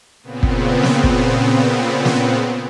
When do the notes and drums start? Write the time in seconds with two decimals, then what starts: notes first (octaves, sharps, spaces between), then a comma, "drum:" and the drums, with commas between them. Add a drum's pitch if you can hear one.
0.22 A#2 C#3 B3 C4
0.43 drum: kick
0.83 drum: snare
1.04 drum: kick
2.05 drum: snare